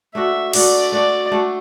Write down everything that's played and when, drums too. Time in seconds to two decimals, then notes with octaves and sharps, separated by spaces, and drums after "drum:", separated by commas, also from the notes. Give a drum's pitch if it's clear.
0.15 A3 D4 F#4 A4 E5
0.53 A3 D4 F#4 A4 D5, drum: cymbal
0.92 A3 D4 F#4 A4 D5
1.31 A3 D4 F#4 A4